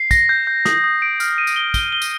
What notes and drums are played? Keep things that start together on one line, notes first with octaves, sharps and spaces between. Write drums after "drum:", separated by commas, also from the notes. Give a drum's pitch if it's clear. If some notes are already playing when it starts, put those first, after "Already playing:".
Already playing: C7
A#6, drum: kick, tambourine
G6
G6
D#6, drum: snare
D#6
D7
F6, drum: tambourine
D#7
drum: tambourine
G7
G7, drum: kick, tambourine
G7
drum: tambourine